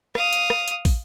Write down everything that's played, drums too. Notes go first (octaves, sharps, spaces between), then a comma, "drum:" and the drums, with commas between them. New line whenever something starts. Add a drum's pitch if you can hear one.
F5 D#6, drum: rim click
drum: hi-hat
drum: rim click
drum: hi-hat
drum: kick, open hi-hat